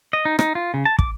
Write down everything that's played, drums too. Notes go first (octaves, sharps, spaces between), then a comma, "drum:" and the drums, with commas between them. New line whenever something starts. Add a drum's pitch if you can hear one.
D#5
D#4
D#4, drum: rim click
F4
C#3
A5
D6, drum: kick